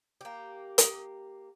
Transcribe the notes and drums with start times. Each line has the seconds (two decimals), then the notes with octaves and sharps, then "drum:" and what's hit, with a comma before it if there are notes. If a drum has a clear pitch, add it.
0.21 A#3 G4
0.78 drum: hi-hat